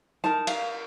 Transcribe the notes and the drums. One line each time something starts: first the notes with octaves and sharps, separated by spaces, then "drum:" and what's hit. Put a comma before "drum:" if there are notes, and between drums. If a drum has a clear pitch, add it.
D#4 A#4 A5
F5, drum: cymbal